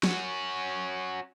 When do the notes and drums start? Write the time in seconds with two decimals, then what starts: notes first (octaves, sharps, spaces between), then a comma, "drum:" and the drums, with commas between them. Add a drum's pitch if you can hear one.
0.03 C#4 F#4, drum: snare